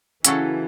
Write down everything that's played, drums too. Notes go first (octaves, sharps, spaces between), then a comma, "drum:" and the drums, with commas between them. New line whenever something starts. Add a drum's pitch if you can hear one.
C#3 E3 F#3 C#4 F#4 A4, drum: hi-hat